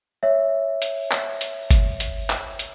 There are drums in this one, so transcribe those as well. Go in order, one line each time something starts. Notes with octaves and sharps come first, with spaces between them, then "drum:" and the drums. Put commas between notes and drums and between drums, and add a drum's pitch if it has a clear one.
C#5 E5
drum: hi-hat
drum: clap
drum: hi-hat
drum: kick G1, hi-hat
drum: hi-hat
drum: clap
drum: hi-hat